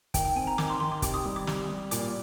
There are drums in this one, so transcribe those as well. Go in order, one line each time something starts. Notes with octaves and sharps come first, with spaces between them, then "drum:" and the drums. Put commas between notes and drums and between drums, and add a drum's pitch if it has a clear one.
D#3 G5, drum: kick, hi-hat
G5
C4 G#5
A#5
D#3 D6, drum: snare
C6
D#3 C6
D6
C3 D6, drum: kick, hi-hat
D#6
G3
D6
C3, drum: snare
G3
A#2 D6, drum: hi-hat